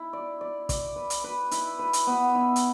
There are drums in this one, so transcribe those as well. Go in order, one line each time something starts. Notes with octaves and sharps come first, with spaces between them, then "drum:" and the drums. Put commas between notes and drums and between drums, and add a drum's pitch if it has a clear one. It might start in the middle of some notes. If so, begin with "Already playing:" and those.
Already playing: E4
D5
D5
D5, drum: kick, hi-hat
B4
drum: hi-hat
B4
E4, drum: hi-hat
B4
drum: hi-hat
B3
E4
drum: hi-hat